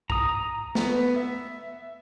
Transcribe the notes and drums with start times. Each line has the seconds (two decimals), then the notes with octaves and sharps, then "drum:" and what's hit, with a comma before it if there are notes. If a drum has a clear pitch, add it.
0.10 A#5 D#6, drum: kick
0.75 B3, drum: snare
1.16 E5